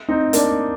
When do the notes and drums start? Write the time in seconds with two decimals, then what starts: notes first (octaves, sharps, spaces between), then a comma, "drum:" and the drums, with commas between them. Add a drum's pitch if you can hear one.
0.08 C4 D#4
0.33 A#3 D4, drum: hi-hat